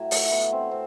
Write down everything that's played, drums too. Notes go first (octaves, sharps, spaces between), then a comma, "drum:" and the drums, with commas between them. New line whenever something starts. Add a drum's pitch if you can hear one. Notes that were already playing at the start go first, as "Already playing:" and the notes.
Already playing: A2 F#3
A3, drum: open hi-hat
B3
C4
C4